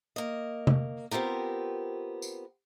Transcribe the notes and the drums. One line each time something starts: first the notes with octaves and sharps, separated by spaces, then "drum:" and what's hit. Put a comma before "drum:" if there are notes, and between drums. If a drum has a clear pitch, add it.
A#3 D#5
drum: tom C3
B3 C4 F4 G4 A#4
drum: tambourine